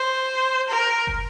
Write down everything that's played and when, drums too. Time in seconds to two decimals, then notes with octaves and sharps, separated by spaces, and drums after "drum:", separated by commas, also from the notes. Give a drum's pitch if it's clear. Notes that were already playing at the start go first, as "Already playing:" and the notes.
Already playing: C5
0.69 A#4
1.07 drum: kick